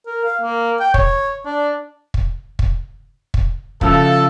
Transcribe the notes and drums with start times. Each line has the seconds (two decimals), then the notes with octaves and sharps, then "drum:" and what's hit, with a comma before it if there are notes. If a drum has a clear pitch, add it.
0.07 A#4
0.25 F5
0.41 A#3
0.80 G5
0.94 C#5, drum: kick
1.46 D4
2.14 drum: kick
2.59 drum: kick
3.34 drum: kick
3.81 C#3 F3 E4 A4, drum: kick